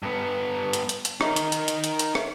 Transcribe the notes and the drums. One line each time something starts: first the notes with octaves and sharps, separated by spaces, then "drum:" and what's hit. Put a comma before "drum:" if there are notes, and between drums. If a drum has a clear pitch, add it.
G2 B3
drum: hi-hat
drum: hi-hat
drum: hi-hat
D#4 A#4, drum: rim click
drum: hi-hat
drum: hi-hat
drum: hi-hat
drum: hi-hat
drum: hi-hat
drum: rim click